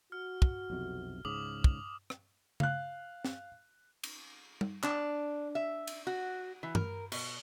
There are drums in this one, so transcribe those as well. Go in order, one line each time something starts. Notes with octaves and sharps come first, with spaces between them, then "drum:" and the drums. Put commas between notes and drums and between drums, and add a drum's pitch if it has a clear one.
F#4 F6
drum: kick
B1 F2 C3
C#2 G#2 C#3 D6 D#6 F#7
drum: kick
drum: rim click
F5 F#6, drum: tom C#3
drum: snare C4
drum: cymbal
drum: tom G3
D4, drum: clap
E5
drum: cymbal
F#4
E3
A#4, drum: tom G2
B2, drum: cymbal